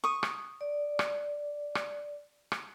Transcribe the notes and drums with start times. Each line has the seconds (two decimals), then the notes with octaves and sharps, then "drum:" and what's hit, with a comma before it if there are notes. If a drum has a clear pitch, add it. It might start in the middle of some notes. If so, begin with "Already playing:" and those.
0.04 C#6 D#6
0.23 drum: rim click
0.61 D5
0.99 drum: rim click
1.75 drum: rim click
2.52 drum: rim click